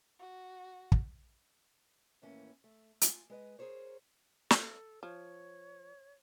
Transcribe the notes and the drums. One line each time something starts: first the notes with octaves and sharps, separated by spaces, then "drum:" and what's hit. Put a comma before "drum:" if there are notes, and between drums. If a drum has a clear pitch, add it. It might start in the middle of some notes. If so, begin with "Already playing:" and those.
F#4
drum: kick
D#2 A2 E3 A#3 C#4
A3
F4 G#5, drum: hi-hat
G#3 B4 D#5
G#4 A#4 C5 C#5
A4, drum: snare
F3 C#5